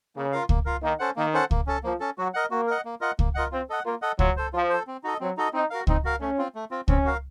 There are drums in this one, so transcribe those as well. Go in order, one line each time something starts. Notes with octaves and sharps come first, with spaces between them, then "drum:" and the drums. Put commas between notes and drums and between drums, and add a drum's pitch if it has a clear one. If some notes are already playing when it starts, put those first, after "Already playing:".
C#3 A#3
F4 A#4 F5
A#3, drum: kick C#2
F4 A#4 F5
D#3 A#3
C#4 A4 C5 F#5
D#3 A#3
C#4 A4 C5 F#5
A#3, drum: kick C#2
C#4 A4
F3 A#3
C#4 A4
F#3 F#4
A#4 D#5 F#5
A#3 F#4
A#4 D#5 F#5
A#3
F4 A#4 D#5 F#5
A#3, drum: kick C#2
F4 A#4 D#5 F#5
C4 F4
A4 D#5 F#5
A#3 F4
A4 D#5 F#5
F#3 F4, drum: kick C#2
A4 C5
F3 F4
A4 C5
C4
D#4 F#4 A4 D#5
F#3 C4
D#4 F#4 A4 D#5
C4 D#4
F#4 A#4 F5
C4 D#4, drum: kick C#2
F#4 A#4 F5
A3 C#4
C4 F4
A3
C4 F4
C4 C#4, drum: kick C#2
F#4 A#4 F5